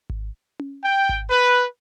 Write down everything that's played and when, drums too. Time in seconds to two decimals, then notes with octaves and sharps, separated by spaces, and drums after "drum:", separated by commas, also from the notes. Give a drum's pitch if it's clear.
0.10 drum: kick G#1
0.59 drum: tom C#4
0.84 G5
1.09 drum: kick G#1
1.30 B4